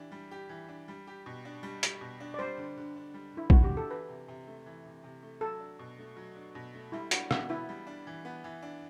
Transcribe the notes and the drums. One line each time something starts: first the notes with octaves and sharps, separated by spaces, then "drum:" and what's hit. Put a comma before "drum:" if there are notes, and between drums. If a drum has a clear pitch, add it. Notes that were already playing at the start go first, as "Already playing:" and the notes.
Already playing: E3 D4 G4
G3
G4
E3
D4
G3
G4
B2
D4
G3
G4, drum: hi-hat
B2
D4
D5
G3 C5
D3
D3
D4
G3
D3 E4
D3 F#4, drum: kick
G4
D4
A4
E3 B4
C3
C3
A3
E3
C3
C3
A3
F#3 A4
D4
B2
A3
F#3
D4
B2
A3
G3 E4
D4 F#4, drum: hi-hat
E3 F#4, drum: rim click
B3 E4
G3
D4
E3
B3
E3
D4